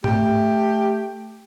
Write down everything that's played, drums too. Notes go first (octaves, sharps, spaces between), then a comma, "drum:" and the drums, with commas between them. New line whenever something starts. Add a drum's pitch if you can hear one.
A3 G4, drum: tom G#2